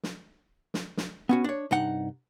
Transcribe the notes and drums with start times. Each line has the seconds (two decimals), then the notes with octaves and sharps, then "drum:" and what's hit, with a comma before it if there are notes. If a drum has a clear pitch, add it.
0.03 drum: snare
0.74 drum: snare
0.97 drum: snare
1.29 B3 C#4 F#4
1.44 D4 C#5
1.71 C2 G2 D#4 F#5